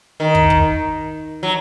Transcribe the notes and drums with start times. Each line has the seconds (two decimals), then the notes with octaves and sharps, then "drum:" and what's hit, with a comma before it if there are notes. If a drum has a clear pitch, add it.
0.20 D#3
0.35 drum: kick
0.50 drum: kick
1.43 F#3